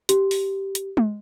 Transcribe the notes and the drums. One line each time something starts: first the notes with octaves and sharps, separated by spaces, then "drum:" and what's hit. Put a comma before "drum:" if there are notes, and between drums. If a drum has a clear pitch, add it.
G4, drum: hi-hat
drum: open hi-hat
drum: hi-hat
drum: tom G#3